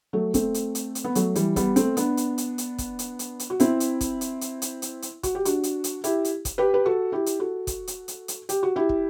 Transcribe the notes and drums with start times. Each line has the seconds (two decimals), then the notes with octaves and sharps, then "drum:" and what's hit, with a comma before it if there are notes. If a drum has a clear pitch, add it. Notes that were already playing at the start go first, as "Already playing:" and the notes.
0.13 F#3 A3
0.34 A3 C4, drum: kick, hi-hat
0.54 drum: hi-hat
0.75 drum: hi-hat
0.95 drum: hi-hat
1.04 B3
1.15 F#3 A3, drum: hi-hat
1.35 E3 G3, drum: hi-hat
1.56 G3 B3, drum: kick, hi-hat
1.76 A3 C4, drum: hi-hat
1.97 B3 D4, drum: hi-hat
2.17 drum: hi-hat
2.38 drum: hi-hat
2.58 drum: hi-hat
2.78 drum: kick, hi-hat
2.99 drum: hi-hat
3.19 drum: hi-hat
3.39 drum: hi-hat
3.50 F#4
3.60 C4 E4, drum: hi-hat
3.80 drum: hi-hat
4.01 drum: kick, hi-hat
4.21 drum: hi-hat
4.41 drum: hi-hat
4.62 drum: hi-hat
4.82 drum: hi-hat
5.02 drum: hi-hat
5.23 F#4, drum: kick, hi-hat
5.35 G4
5.45 D4 F#4, drum: hi-hat
5.63 drum: hi-hat
5.84 drum: hi-hat
6.04 E4 G4, drum: hi-hat
6.25 drum: hi-hat
6.45 drum: kick, hi-hat
6.58 G4 B4
6.74 B4
6.85 F#4 A4
7.12 E4 G4
7.26 drum: hi-hat
7.39 F#4 A4
7.67 drum: kick, hi-hat
7.87 drum: hi-hat
8.08 drum: hi-hat
8.28 drum: hi-hat
8.49 G4, drum: hi-hat
8.63 F#4
8.76 E4 G4
8.89 drum: kick